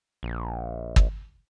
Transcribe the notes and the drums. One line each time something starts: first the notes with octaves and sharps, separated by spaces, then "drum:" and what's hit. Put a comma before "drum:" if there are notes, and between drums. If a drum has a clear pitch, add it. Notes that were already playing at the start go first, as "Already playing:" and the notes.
A#1
drum: kick